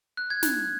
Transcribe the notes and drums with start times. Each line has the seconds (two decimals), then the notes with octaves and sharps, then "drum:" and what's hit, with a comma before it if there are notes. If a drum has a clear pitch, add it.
0.17 F#6
0.30 G#6
0.43 F#6, drum: snare